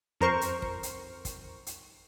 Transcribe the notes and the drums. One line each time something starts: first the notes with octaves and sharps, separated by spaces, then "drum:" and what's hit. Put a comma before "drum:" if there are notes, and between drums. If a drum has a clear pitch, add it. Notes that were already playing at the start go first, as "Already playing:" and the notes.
F2 A#4 C5 C#6
drum: hi-hat
drum: kick
drum: hi-hat
drum: kick, hi-hat
drum: hi-hat